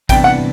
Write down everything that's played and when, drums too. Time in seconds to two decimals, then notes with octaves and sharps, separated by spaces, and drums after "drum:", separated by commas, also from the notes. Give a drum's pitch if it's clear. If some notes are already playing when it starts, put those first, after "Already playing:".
0.09 C2 C3 E3 B3 D4 G5, drum: kick A1, hi-hat
0.24 F#5